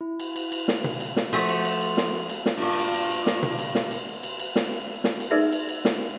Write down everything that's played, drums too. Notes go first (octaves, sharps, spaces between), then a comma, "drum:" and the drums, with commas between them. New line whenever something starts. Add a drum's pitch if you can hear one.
E4
drum: cymbal
drum: cymbal
drum: cymbal
drum: snare
drum: tom B2
drum: cymbal
drum: snare
F3 A3 F#4, drum: cymbal
drum: cymbal
drum: cymbal
drum: cymbal
drum: snare
drum: cymbal
drum: snare
G2 A#2 F4
drum: cymbal
drum: cymbal
drum: cymbal
drum: snare
drum: tom B2
drum: cymbal
drum: snare
drum: cymbal
drum: cymbal
drum: cymbal
drum: snare
drum: snare
drum: cymbal
D#4 G#4 A#4 B4 D5 E5
drum: cymbal
drum: cymbal
drum: snare